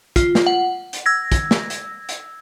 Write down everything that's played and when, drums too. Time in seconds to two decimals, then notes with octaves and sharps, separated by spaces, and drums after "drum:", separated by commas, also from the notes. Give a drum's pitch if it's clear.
0.16 F4, drum: kick, hi-hat
0.35 drum: snare
0.46 F#5
0.93 drum: hi-hat
1.06 E6 G#6 A#6
1.32 drum: kick, hi-hat
1.51 drum: snare
1.70 drum: hi-hat
2.09 drum: hi-hat